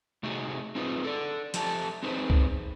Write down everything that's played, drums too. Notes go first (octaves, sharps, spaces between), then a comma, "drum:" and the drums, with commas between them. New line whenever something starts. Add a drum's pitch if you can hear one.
C3 A3 D#4 F#4 G#4
C4 D#4 F4 G#4 B4
A4 D5
F3 G4 A4 A5, drum: hi-hat
C4 D#4 G#4 B4 C5
drum: kick C2